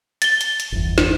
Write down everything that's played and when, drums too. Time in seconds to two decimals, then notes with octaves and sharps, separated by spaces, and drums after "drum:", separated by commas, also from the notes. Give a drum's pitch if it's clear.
0.22 A6 G7, drum: hi-hat
0.41 drum: hi-hat
0.60 drum: hi-hat
0.72 G1 E2
0.98 drum: snare